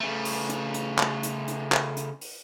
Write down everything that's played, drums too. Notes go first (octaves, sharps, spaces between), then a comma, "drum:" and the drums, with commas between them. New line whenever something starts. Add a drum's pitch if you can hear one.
C#3 A3
drum: open hi-hat
drum: hi-hat
drum: hi-hat
drum: clap
drum: hi-hat
drum: hi-hat
drum: clap
drum: hi-hat
drum: open hi-hat